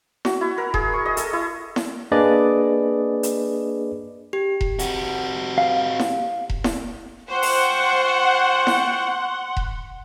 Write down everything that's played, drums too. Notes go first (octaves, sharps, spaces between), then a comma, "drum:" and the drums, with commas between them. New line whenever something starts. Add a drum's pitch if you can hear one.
F#4, drum: snare E4
E4
A#4
G#4, drum: kick E1
C#6
D#5
A4, drum: hi-hat
E4
drum: snare E4
A#3 D4 G#4 B4 D5 D#5
drum: hi-hat
G4
drum: kick E1
C4 F#4, drum: hi-hat
F5
drum: snare E4
drum: kick E1
drum: snare E4
F4 C5 F#5 G5 C6 C#6
drum: open hi-hat
drum: snare E4
drum: kick E1